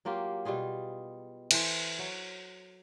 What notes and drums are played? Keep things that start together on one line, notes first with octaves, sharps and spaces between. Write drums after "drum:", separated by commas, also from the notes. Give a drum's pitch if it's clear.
F#3 A#3 F4 G4
B2 G3 F4 G#4
E3 A4 C5, drum: cymbal
F#3